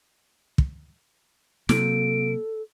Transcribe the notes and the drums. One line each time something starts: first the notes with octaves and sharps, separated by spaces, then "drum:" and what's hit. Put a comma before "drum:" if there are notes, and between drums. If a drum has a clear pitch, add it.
drum: kick
C3 F#3 A#3 A4 D7, drum: snare